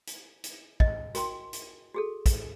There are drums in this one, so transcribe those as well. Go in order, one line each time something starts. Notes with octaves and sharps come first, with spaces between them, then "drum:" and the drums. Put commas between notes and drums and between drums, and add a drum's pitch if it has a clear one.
drum: hi-hat
drum: hi-hat
D#5, drum: kick
F#4 A#4 G5 C6, drum: hi-hat
drum: hi-hat
F#4 G#4 A4
drum: kick, hi-hat